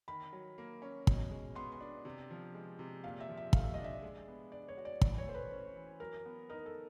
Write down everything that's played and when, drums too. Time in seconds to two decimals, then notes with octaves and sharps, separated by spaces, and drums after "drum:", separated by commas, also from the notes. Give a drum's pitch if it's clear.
0.08 D#3 B5
0.32 F#3
0.58 A#3
0.82 C#4
1.07 B2, drum: kick
1.31 G#3
1.55 B3 C6
1.72 C6
1.80 D4
2.05 C3
2.31 F3
2.54 G#3
2.79 C3
3.04 A#2 F5
3.20 E5
3.29 F3
3.37 E5
3.53 A3 F5, drum: kick
3.64 E5
3.74 D4 D#5
3.84 E5
4.02 G#3
4.28 B3
4.52 D4 D5
4.68 C#5
4.77 F#4
4.85 D5
5.01 E3 D5, drum: kick
5.18 C#5
5.26 A3 C5
5.34 B4
5.51 C#4
5.76 E3
6.00 F#3 A#4
6.25 B3
6.49 D#4 A#4
6.66 A4